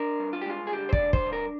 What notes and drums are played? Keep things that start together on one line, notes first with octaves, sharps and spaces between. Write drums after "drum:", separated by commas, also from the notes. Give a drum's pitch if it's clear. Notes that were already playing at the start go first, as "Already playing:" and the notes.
Already playing: D4 A#4
G2
F4
G4
G#3 F4
G#4
D3 G4
C5
D5, drum: kick
D4
C5, drum: kick
G2
A#4